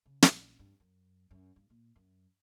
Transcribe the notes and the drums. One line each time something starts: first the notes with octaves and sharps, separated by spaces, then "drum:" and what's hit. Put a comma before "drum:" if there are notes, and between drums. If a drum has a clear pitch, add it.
C#3
A#1, drum: snare
G2
F#2
F#2
G2
A#2
F#2